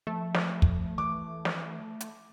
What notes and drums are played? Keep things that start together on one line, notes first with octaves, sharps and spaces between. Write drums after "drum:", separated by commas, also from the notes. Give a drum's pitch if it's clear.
F3 A3
drum: snare
drum: kick
E3 D6
drum: snare
drum: hi-hat